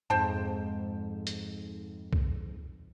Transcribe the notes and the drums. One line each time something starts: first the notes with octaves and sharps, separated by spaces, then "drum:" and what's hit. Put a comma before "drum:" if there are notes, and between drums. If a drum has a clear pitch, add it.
F2 G#2 C5 G5 A5
drum: hi-hat
drum: kick